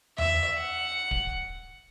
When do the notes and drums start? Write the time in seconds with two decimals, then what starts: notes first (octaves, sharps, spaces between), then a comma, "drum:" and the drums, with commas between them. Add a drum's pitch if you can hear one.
0.18 E5, drum: tom E2
0.57 F#5
1.11 drum: kick D1